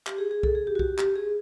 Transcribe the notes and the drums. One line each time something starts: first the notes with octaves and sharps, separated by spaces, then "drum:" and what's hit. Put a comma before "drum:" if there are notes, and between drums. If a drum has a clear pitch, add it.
G4, drum: clap
G#4
G#4
A4, drum: kick
G#4
G4
F#4
G4, drum: kick
G4, drum: clap
G#4